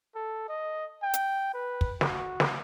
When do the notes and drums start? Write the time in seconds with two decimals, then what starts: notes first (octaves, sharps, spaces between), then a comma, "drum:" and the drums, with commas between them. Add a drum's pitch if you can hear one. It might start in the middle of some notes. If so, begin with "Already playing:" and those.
0.15 A4
0.49 D#5
1.03 G5
1.14 drum: hi-hat
1.54 B4
1.81 drum: kick
2.01 F#4, drum: snare
2.40 drum: snare